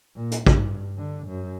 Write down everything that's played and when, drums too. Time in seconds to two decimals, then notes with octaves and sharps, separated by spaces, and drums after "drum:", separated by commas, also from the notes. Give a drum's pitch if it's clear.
0.16 A#2
0.31 drum: hi-hat
0.47 G2, drum: kick
0.97 D3
1.28 F#2